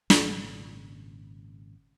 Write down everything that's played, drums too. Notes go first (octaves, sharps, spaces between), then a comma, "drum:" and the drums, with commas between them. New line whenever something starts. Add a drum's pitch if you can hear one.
G#1 A#2 C#3, drum: snare